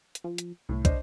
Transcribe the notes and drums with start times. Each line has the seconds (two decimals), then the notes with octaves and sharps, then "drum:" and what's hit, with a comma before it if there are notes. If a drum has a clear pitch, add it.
0.15 drum: hi-hat
0.24 F3
0.38 drum: hi-hat
0.69 C2 A2
0.85 D4 C5 D#5, drum: kick, hi-hat